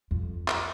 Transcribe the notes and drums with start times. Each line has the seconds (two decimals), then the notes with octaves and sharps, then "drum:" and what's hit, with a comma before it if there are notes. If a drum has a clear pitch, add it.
0.11 F2
0.48 drum: clap